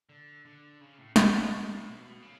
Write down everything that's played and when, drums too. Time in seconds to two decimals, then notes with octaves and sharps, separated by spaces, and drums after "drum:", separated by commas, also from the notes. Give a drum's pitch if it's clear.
0.09 D3
0.45 D3
0.81 C#3
0.98 A2
1.16 A2, drum: snare
1.34 B2
1.52 A2
1.86 B2
2.22 C#3